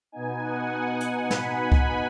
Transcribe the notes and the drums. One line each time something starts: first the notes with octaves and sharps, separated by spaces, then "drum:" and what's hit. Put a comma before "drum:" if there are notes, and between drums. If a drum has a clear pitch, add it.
B2 B3 D#4 G#5
F#5
G#5
drum: hi-hat
B5, drum: snare
G#5
drum: kick C#2